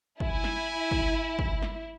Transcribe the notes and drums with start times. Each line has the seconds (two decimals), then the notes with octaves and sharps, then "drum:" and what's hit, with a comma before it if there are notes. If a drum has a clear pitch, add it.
0.20 E4 G#5, drum: kick
0.44 drum: snare
0.91 drum: kick
1.39 drum: kick
1.62 drum: snare